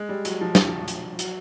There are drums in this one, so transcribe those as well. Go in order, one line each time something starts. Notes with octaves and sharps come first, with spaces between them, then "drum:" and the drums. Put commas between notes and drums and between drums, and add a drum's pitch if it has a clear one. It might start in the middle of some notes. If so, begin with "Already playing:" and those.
Already playing: G#3
G3
F#3, drum: hi-hat
F3
F#3, drum: snare
F3
drum: hi-hat
F#3, drum: hi-hat